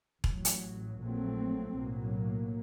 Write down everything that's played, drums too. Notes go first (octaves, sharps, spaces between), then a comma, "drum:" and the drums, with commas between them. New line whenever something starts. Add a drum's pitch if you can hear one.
A1 A2 F#3, drum: kick E1
drum: hi-hat
A#1 A#2 F#3 A3 C4
B1 A2 F#3 A#3